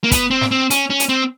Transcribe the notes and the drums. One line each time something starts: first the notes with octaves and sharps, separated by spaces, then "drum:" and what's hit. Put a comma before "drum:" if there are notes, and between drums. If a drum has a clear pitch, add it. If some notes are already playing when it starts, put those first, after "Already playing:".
A#3
B3, drum: kick, hi-hat
C4
drum: snare
C4
C#4, drum: hi-hat
C#4
drum: hi-hat
C4